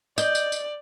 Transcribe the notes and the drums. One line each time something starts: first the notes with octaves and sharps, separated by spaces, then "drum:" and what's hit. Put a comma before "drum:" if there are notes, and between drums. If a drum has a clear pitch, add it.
D5 D#5 G6, drum: tambourine
drum: tambourine
drum: tambourine